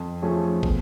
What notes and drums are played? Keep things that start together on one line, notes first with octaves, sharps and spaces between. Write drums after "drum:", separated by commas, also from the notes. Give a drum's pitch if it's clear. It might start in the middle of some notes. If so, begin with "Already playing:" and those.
Already playing: F2
F3 A3 C#4 G#4
B2, drum: kick